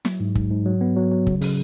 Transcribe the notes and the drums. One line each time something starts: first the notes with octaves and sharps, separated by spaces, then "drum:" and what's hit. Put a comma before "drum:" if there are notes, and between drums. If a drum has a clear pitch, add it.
F#3, drum: snare
G#2
G#2, drum: kick
G#2
F#3
B3
F#3
F#3
C#3, drum: kick
C#3, drum: open hi-hat